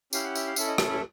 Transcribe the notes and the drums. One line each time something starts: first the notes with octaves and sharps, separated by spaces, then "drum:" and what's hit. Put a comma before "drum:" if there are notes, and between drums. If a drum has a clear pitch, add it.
C#4 E4 G4 F5, drum: tambourine
F#5
E5, drum: tambourine
F5
C#4 E4 A4 E5, drum: tambourine
D#5
E5, drum: rim click
E5